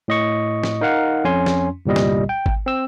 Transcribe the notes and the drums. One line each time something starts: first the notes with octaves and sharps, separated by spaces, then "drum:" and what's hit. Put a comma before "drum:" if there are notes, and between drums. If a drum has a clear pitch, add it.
A2 D#5 C#6
drum: snare
D#4 A#4 F5 F#5
F2 C#4 G#5 C6
drum: snare
G1 C2 A#2 G3 D#5
drum: snare
G5
drum: kick G#1
C4 E6